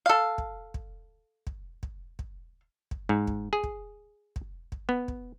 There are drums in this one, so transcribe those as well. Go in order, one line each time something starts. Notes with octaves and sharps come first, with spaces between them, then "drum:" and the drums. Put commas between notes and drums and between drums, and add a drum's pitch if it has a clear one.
A4 F5
drum: kick
drum: kick
drum: kick
drum: kick
drum: kick
drum: kick
G#2
drum: kick
G#4
drum: kick
drum: kick
drum: kick
B3
drum: kick